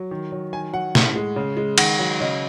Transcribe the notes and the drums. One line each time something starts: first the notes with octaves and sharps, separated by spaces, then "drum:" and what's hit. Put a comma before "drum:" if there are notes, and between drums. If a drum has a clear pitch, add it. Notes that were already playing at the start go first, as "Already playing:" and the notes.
Already playing: F#3
D#3
F#3
D#3 G#5
F#3 F#5
A2, drum: snare
G#3
C#3
G#3
D#3 F#5, drum: cymbal
F#3
C#3 D#5